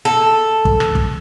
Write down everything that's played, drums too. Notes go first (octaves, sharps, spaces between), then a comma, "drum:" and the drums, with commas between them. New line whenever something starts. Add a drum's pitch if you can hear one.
A4
drum: kick
drum: rim click
drum: kick